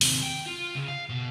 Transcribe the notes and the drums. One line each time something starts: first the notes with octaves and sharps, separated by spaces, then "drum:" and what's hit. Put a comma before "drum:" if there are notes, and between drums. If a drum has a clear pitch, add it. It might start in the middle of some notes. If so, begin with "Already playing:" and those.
D#2 C3, drum: open hi-hat
G5
F4
C#3
F5
B2